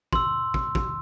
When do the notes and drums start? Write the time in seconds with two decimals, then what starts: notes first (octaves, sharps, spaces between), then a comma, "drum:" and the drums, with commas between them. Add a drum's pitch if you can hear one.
0.13 C6 E6, drum: kick
0.54 drum: kick
0.75 drum: kick